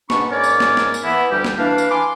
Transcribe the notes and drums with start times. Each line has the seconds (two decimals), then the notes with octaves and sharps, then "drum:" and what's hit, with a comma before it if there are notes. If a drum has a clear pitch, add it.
0.10 G#2 B2 D4 B5 C#6, drum: snare
0.31 G#2 C#4 A#4 C#5 D5
0.44 drum: tambourine
0.60 drum: snare
0.77 drum: snare
0.94 drum: tambourine
1.04 E3 B3 E4
1.31 D2 G3 G4
1.44 drum: snare
1.58 E3 D4 F5
1.78 drum: tambourine
1.90 G#5 B5 C6 D6